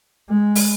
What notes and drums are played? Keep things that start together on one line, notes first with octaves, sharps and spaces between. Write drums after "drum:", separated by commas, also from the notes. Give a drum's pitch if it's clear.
G#3
drum: open hi-hat